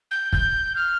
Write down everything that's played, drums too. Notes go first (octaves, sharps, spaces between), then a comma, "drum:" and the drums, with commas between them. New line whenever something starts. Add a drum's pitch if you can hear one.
G6
G6, drum: kick
F6